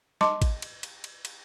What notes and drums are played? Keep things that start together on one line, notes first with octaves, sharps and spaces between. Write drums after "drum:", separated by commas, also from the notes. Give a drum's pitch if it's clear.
D#5 A5 C6 D6, drum: snare
drum: kick G#1, cymbal
drum: cymbal
drum: cymbal
drum: cymbal
drum: cymbal